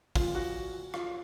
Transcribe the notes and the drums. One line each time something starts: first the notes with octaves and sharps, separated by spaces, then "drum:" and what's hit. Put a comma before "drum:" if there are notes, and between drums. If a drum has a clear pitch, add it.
A#2 F3 F4, drum: kick A1, open hi-hat
F#4
F4, drum: rim click